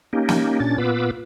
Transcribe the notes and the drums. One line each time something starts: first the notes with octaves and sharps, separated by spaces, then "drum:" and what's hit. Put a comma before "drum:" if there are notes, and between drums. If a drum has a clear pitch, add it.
A#3 C#4 D#4 G4
drum: snare
A#2 C#4 D4 A6
A#2 B3 F4 B4 D6 E6